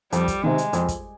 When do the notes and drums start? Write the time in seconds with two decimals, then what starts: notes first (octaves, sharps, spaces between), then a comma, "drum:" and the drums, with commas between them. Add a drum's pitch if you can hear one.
0.12 F2 G3, drum: hi-hat
0.28 drum: kick, hi-hat
0.43 C3 D#3 G#3
0.58 drum: hi-hat
0.73 F2, drum: hi-hat
0.88 drum: kick, hi-hat